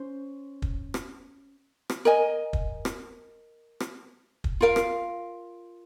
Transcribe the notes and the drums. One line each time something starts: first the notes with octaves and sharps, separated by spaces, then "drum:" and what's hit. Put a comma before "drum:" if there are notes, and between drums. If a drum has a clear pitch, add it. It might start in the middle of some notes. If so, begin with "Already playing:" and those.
Already playing: C#4 C5
drum: kick
drum: rim click
drum: rim click
A#4 D#5 G#5
drum: kick
drum: rim click
drum: rim click
drum: kick
F4 A#4 F5
drum: rim click